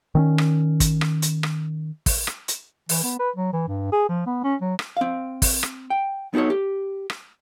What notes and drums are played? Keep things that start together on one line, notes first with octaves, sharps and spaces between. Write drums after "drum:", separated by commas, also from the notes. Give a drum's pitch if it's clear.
D#3 C4 C#4
drum: rim click
drum: kick, hi-hat
drum: rim click
drum: hi-hat
drum: rim click
drum: kick, open hi-hat
drum: rim click
drum: hi-hat
E3, drum: open hi-hat
B3
B4
F#3
E3
G2
G#4
F3
B3
C#4
F#3
drum: rim click
C4 F5
drum: kick, open hi-hat
drum: rim click
G5
B3 D#4 F#4 A4 C#5
G4
drum: rim click